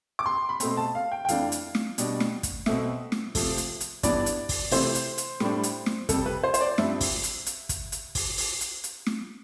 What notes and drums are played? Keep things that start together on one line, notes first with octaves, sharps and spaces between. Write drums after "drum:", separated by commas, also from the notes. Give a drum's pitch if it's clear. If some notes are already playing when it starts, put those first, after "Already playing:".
D6
C6
B5
B2 A3 C4 C6, drum: hi-hat
A5
F5
G5
G5
F2 E3 A3 D4 F5, drum: hi-hat
drum: hi-hat
drum: snare
B2 G3 D4, drum: hi-hat
drum: snare
drum: kick, hi-hat
B2 A3 C4 E5, drum: snare
drum: snare
C3 F3 A3, drum: kick, open hi-hat
drum: hi-hat
drum: hi-hat
G2 E3 B3 D4 D5, drum: kick, hi-hat
drum: hi-hat
drum: kick, open hi-hat
C3 E3 A3 C5, drum: open hi-hat
drum: hi-hat
drum: hi-hat
A2 G3 D4, drum: snare
drum: hi-hat
drum: snare
F2 C3 G3 A4, drum: kick, hi-hat
B4
C5
C5, drum: hi-hat
D5
G2 F3 C4 E5, drum: snare
drum: kick, open hi-hat
drum: hi-hat
drum: hi-hat
drum: kick, hi-hat
drum: hi-hat
drum: kick, open hi-hat
drum: open hi-hat
drum: hi-hat
drum: hi-hat
drum: snare